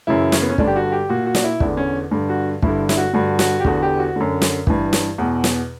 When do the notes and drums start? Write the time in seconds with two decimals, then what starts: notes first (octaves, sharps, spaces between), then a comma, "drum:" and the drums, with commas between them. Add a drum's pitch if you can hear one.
0.07 F#2 C#3 E3 E4
0.32 C#4, drum: snare
0.42 B3
0.50 C#4
0.58 G2 D3 D4, drum: kick
0.68 G4
0.76 F#4
0.92 G4
1.09 A#2 F#4
1.26 F#4
1.35 D4, drum: snare
1.44 E4
1.60 E2 D3 D4, drum: kick
1.77 C#4
2.11 G2 D3
2.29 F#4
2.62 G2 D3 E4, drum: kick
2.89 E4, drum: snare
2.97 F#4
3.13 G2 D3 F#4
3.39 F#4, drum: snare
3.60 G4
3.65 E2 D3 F#4, drum: kick
3.83 G4
3.99 F#4
4.16 F#2 D3
4.42 drum: snare
4.67 G2 E3, drum: kick
4.93 drum: snare
5.18 E2 B2
5.44 drum: snare